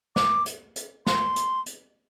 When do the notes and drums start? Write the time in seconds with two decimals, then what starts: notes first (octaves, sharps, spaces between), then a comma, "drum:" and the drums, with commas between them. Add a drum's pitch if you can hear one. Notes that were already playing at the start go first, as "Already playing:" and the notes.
0.16 D6, drum: snare
0.46 drum: hi-hat
0.76 drum: hi-hat
1.07 C6, drum: snare
1.36 drum: hi-hat
1.66 drum: hi-hat